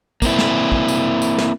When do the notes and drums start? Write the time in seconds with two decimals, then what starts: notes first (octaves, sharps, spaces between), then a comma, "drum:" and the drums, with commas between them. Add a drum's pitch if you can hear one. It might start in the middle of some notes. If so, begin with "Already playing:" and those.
0.22 A#3 C4 E4, drum: kick, tambourine
0.39 drum: snare
0.72 drum: kick
0.88 drum: tambourine
1.22 drum: tambourine
1.38 drum: snare